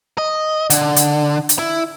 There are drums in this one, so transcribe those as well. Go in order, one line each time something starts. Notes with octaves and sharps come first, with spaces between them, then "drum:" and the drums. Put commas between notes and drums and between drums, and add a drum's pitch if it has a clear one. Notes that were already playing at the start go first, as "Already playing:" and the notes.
D#5
D3, drum: hi-hat
drum: hi-hat
drum: hi-hat
E4